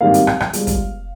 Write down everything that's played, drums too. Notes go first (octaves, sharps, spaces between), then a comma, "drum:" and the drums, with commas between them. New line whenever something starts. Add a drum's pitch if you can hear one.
G#1 G2 D#3 G3 A#3 F5
drum: hi-hat
drum: rim click
drum: rim click
G1 G2 D3 G#3, drum: hi-hat
drum: kick, hi-hat